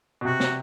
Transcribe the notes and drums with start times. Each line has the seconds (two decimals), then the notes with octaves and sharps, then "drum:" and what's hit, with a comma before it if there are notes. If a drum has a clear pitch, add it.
0.21 B2
0.25 C3 F#4
0.40 drum: snare